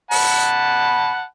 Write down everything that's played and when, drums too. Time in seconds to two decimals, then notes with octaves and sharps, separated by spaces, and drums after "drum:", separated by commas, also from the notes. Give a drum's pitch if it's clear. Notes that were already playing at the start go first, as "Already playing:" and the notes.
0.11 F#5 A5 B5, drum: open hi-hat